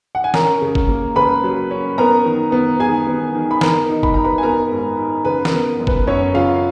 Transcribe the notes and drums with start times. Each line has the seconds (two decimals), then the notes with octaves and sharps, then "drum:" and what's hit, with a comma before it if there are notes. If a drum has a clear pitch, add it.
0.15 F#5
0.24 G#5
0.34 C#4 A#4 A#5, drum: snare
0.62 C#3
0.75 drum: kick G1
0.89 A#3
1.16 C#3 B4 B5
1.44 F#3
1.71 C#4
1.98 B3 A#4 A#5
2.25 D#3
2.52 B3
2.79 D#3 G#4 G#5
3.07 B3
3.35 D#3
3.51 B5
3.61 B3 A#4 A#5, drum: snare
3.89 D#4
4.03 B5, drum: kick G1
4.14 D#4 A#5
4.25 B4 B5
4.38 G#5
4.43 B3 A#4 A#5
4.71 G#2
4.98 D#4
5.25 C#3 B4
5.45 A#4, drum: snare
5.53 B3
5.80 F#2
5.87 B4, drum: kick G1
6.07 F#2 C#4 C#5
6.34 C#3 F4 F5